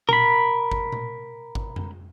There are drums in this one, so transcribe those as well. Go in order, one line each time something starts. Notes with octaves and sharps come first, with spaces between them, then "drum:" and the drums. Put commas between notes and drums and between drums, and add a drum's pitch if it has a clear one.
A#4 B5, drum: tom A#2
drum: kick G#1
drum: tom A#2
drum: kick G#1
drum: tom F2